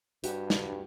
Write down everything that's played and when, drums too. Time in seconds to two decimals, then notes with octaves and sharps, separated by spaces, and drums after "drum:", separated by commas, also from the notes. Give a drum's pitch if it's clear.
0.24 G2 F#4 G4, drum: hi-hat
0.50 drum: snare